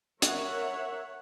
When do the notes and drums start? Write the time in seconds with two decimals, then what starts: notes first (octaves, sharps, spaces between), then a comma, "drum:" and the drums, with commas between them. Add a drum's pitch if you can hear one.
0.22 A#4 C#5 E5 F#5, drum: hi-hat